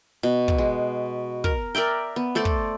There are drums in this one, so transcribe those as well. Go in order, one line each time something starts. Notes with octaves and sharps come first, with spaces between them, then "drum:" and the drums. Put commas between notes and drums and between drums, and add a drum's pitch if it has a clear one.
B2
drum: kick
G#3
A#4, drum: kick
A#4 D5 E5 G5
B3
A3 A4 C5 D5
drum: kick